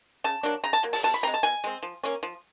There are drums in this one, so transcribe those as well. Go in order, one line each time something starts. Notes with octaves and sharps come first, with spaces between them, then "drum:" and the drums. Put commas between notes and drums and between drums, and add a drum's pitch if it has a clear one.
C#3 A5
F#3 A#3 D4
C#3 A#5
A5
F#3 A#3
A5, drum: open hi-hat
B2 A5
B5
G#3 C4 A#5
A5
B2 G#5
G#3 C4
F3
A#3 C#4
F3